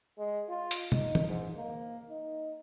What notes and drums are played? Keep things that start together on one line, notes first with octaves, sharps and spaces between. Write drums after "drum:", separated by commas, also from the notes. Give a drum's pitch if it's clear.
G#3
F4
drum: hi-hat
D#4, drum: tom
drum: tom
G#2
A#3
D#4